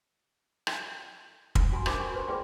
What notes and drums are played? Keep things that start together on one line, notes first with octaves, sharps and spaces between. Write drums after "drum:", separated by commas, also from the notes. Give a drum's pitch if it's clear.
drum: rim click
drum: kick
C#4 F#4 G#5 B5 C6
D4 A#4 C5 B5 D6 D#6, drum: rim click
F#4 G5 G#5 C#6
B4 C5 C6 C#6
F4 G#4 B4 D5 G5 C6